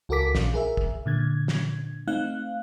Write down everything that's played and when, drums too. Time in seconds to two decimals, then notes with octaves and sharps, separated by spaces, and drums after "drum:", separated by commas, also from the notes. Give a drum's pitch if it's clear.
0.09 C#2 F#4 A4 A#4 D6 B6
0.35 A#1, drum: snare
0.54 G#4 A#4 E5
0.77 drum: kick
1.06 A#2 D3 G#6
1.48 drum: snare
2.08 A3 C4 D#4 F5 F#6